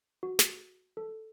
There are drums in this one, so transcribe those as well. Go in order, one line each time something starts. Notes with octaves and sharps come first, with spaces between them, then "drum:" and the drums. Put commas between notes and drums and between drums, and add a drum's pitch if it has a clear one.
F#4
drum: snare
A4